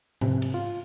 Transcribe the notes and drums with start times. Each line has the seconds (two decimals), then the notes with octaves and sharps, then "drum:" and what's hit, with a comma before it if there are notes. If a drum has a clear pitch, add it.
0.21 C3, drum: tom G#2
0.42 drum: cymbal
0.54 F4